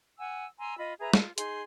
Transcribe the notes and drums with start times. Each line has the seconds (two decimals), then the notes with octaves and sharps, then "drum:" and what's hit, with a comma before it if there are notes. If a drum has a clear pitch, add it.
0.18 F#5 G#5 E6
0.59 G#5 A#5 C6 E6
0.78 F4 D#5 B5
1.00 G#4 B4 E5 A#5
1.13 F4, drum: snare
1.38 D#4 G#4 C6, drum: hi-hat